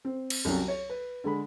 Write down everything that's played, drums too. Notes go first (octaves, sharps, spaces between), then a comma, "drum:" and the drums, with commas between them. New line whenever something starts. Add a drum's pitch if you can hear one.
C4
drum: cymbal
C2 F#3 C#4
C#5
B4
D3 G#3 B5